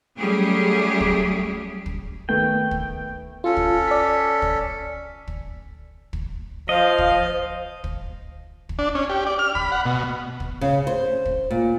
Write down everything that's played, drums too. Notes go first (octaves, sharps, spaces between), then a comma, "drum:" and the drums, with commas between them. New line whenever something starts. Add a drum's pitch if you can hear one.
F#3 G3 A3 C#4 G4 G#4
drum: kick
drum: kick
D#3 A3 B3 G5
drum: kick
C#4 F4 A4
drum: kick
D5 B6
drum: kick
drum: kick
drum: kick
F3 C5 D#5 F5
drum: kick
drum: kick
drum: kick
D4
C#4
G4
D5
F6
B5, drum: kick
F#5
B2
drum: kick
C#3
C5
drum: kick
A#2